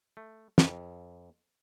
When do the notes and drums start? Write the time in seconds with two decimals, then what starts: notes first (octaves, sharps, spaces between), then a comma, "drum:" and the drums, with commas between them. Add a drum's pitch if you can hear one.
0.17 A3
0.58 F2, drum: snare